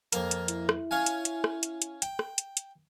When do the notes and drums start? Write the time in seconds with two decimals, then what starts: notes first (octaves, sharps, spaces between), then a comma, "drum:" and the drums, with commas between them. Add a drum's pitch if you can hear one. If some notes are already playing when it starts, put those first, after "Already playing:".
0.12 F2 A#3 A#4, drum: hi-hat
0.31 drum: hi-hat
0.48 E4, drum: hi-hat
0.69 drum: rim click
0.91 C#4 F5 G#5
1.06 drum: hi-hat
1.25 drum: hi-hat
1.44 drum: rim click
1.63 drum: hi-hat
1.82 drum: hi-hat
2.02 G5, drum: hi-hat
2.19 drum: rim click
2.38 drum: hi-hat
2.57 drum: hi-hat